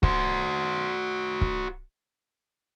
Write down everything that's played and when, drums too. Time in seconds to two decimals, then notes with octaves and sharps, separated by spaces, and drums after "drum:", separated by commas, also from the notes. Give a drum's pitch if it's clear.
0.03 F#4 C5, drum: kick
1.41 drum: kick